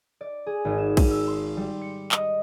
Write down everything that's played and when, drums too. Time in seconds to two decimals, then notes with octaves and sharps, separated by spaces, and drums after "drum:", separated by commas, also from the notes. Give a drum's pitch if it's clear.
0.21 D5
0.46 G#4
0.65 G#1
0.78 E7
0.97 drum: kick A#1, cymbal
1.11 E6
1.28 C6
1.57 G3
1.81 C#7
2.12 D#5, drum: clap